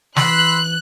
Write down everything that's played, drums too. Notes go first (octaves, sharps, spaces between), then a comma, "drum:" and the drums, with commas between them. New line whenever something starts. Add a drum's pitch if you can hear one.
E3 B5 C6 E6 F#6, drum: snare